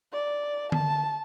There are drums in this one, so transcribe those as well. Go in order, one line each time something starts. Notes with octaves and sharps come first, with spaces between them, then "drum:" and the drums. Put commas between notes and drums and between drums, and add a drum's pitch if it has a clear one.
D5
A5, drum: tom D3